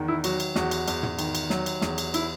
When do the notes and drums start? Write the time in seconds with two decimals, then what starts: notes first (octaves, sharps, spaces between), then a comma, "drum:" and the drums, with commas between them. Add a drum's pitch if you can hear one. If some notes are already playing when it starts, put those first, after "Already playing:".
Already playing: E2 D#3
0.08 E4
0.24 F#3 F#4, drum: cymbal
0.40 drum: cymbal
0.55 E2 F#4, drum: snare
0.71 drum: cymbal
0.88 E2, drum: cymbal
1.03 drum: tom
1.19 D#3, drum: cymbal
1.35 drum: cymbal
1.50 F#3, drum: snare
1.66 drum: cymbal
1.81 E2, drum: snare
1.98 drum: cymbal
2.14 E4, drum: cymbal